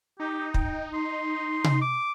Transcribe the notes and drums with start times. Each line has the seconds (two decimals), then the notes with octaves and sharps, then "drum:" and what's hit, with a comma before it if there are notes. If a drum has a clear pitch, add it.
0.20 D#4 G4
0.54 G5, drum: kick
0.94 C6
1.64 drum: tom C3
1.82 D6